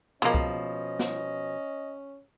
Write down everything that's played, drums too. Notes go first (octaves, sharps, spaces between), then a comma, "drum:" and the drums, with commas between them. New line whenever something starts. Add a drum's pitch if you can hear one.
B2 F3 G#3 A#3 C#4 D#5
drum: kick
drum: snare